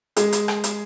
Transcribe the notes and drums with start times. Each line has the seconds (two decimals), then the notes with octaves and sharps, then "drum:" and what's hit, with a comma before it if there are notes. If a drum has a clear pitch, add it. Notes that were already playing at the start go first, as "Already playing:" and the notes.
0.17 G#3 G#4, drum: hi-hat
0.33 drum: hi-hat
0.48 drum: rim click
0.64 drum: hi-hat